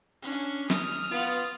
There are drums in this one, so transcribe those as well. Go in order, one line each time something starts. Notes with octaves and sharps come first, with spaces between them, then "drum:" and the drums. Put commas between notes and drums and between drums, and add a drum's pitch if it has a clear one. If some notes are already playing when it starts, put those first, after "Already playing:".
C#4 D4
drum: hi-hat
D#6 F6, drum: snare
B3 F4